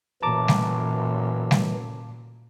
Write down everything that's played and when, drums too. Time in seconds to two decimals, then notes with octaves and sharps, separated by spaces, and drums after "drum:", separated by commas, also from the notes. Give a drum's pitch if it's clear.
0.23 A1 F#2 A#2 E3 A5 A#5 D6
0.48 drum: snare
1.51 drum: snare